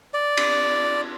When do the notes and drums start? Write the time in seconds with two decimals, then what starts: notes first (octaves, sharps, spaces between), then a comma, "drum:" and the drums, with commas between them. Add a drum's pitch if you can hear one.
0.14 D5
0.37 drum: cymbal